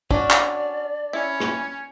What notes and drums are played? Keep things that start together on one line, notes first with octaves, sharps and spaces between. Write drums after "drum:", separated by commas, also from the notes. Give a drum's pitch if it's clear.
C#4 D4 F#4 D5, drum: kick A1
drum: clap
C#4 E4
drum: rim click